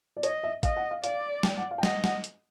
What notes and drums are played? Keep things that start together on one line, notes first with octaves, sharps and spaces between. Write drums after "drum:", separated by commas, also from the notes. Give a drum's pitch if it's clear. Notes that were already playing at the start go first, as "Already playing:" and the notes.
D5
C#5 D#5, drum: hi-hat
E5
D#5 F5, drum: kick, hi-hat
F#5
F5
D5 F5, drum: hi-hat
G5, drum: snare
F#5
F5
G5
D#5 F#5, drum: snare
F#5, drum: snare
drum: hi-hat